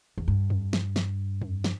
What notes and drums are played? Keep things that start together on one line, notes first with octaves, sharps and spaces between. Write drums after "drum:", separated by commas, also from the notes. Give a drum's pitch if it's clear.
E2
G2
drum: tom F2
drum: snare
drum: snare
drum: tom F2
drum: snare